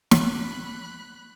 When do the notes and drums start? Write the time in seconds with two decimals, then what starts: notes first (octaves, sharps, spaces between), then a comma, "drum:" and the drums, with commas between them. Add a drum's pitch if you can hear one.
0.11 B5 F#6, drum: snare